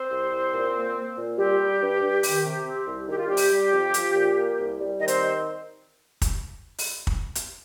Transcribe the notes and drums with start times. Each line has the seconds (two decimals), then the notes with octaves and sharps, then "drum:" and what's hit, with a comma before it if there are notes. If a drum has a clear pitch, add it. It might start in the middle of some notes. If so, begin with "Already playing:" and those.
Already playing: C4 C5
0.10 C2
0.30 C2
0.52 A#2
0.74 A#3
0.95 A#3
1.16 A#2
1.37 G3 C4 G4
1.59 G3
1.81 G2
2.01 G2
2.23 D#3, drum: open hi-hat
2.45 C3
2.65 C4
2.87 C2
3.08 D#3 G4
3.18 F4
3.28 C3 G3 G4
3.37 drum: open hi-hat
3.52 G3
3.73 F2
3.94 F3, drum: hi-hat
4.15 A#2
4.36 A#3
4.58 C2
4.79 G3
5.00 D#3 D#5
5.08 C4 C5, drum: hi-hat
6.22 drum: kick, hi-hat
6.78 drum: open hi-hat
7.07 drum: kick
7.35 drum: hi-hat